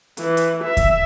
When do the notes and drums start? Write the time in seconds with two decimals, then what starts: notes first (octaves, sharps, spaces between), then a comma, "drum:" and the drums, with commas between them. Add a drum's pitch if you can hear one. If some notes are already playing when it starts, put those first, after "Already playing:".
0.17 E3, drum: hi-hat
0.37 drum: hi-hat
0.64 E5
0.77 drum: kick D#2, hi-hat